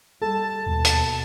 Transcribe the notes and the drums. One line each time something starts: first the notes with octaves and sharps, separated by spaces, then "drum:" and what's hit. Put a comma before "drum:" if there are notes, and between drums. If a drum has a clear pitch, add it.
G3 A4 A5
D#2 B2
drum: hi-hat